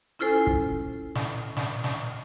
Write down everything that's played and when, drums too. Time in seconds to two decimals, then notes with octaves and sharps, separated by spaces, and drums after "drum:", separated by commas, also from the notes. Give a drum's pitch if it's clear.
0.19 C#4 E4 F4 A4 C5 G#5
0.47 drum: kick
1.15 drum: snare
1.57 drum: snare
1.84 drum: snare